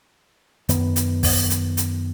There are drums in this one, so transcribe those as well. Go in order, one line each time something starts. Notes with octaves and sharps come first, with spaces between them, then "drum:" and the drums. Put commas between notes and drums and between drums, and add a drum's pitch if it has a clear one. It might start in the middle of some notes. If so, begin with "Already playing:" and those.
F#2 D#3 B3, drum: hi-hat
drum: hi-hat
drum: kick, open hi-hat
drum: hi-hat
drum: hi-hat